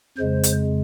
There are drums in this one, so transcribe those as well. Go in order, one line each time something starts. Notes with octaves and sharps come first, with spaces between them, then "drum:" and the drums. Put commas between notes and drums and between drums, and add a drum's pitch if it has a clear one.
F2 C#3 G#3 C5
drum: hi-hat